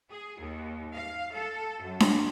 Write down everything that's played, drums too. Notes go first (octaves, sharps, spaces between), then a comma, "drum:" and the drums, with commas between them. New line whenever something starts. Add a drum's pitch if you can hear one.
G#4
D#2
F5
A4
F#2
drum: snare D4